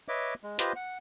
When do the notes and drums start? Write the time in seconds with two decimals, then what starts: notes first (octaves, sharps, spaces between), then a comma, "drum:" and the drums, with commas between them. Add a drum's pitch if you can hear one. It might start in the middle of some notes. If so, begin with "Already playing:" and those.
0.08 B4 C#5 D#5 E5 D6
0.43 G#3
0.59 F4 G4 B4 C5 D#5, drum: hi-hat
0.76 F#5